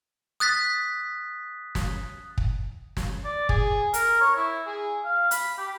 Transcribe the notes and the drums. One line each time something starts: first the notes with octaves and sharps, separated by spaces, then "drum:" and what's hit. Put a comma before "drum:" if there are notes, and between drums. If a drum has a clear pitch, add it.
D#6 F#6 A6 B6
drum: snare
drum: kick
drum: snare
D5
G#4, drum: kick
A#4, drum: hi-hat
C#5
E4
G#4
F5
B5, drum: hi-hat
G4